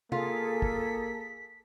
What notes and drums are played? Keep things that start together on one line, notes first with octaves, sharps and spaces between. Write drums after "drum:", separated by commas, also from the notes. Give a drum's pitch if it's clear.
A#3 F4 G#4 A4 B6, drum: tom C3
drum: kick